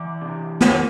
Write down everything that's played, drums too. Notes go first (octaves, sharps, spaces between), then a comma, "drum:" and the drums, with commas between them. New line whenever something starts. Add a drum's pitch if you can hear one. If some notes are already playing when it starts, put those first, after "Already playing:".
Already playing: E3 D5
C3
A#3, drum: snare